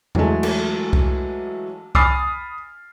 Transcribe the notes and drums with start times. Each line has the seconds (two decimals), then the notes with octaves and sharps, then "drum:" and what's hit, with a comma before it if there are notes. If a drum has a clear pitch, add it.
0.15 E3 F#3 G#3 A3, drum: tom E2
0.43 drum: cymbal
0.93 drum: kick C2
1.95 G#5 B5 D#6 F6 A6 C7, drum: kick C2